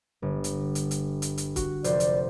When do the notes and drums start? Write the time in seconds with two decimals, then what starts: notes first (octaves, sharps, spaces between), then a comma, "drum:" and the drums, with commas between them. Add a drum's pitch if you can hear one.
0.22 G1
0.44 drum: hi-hat
0.75 drum: hi-hat
0.91 drum: hi-hat
1.22 drum: hi-hat
1.38 drum: hi-hat
1.56 F#4, drum: kick, hi-hat
1.84 F1 C5 D5, drum: hi-hat
2.00 drum: hi-hat